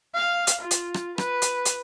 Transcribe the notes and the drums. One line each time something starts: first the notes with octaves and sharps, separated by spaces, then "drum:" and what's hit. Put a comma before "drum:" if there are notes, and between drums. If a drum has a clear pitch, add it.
F5
drum: hi-hat
F4
drum: hi-hat
drum: rim click
B4, drum: rim click
drum: hi-hat
drum: hi-hat